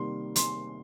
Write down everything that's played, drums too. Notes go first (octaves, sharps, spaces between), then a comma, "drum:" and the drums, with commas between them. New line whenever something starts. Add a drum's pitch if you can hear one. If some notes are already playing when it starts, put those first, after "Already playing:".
Already playing: C3 D#3 G3 A#3 C6
C6, drum: hi-hat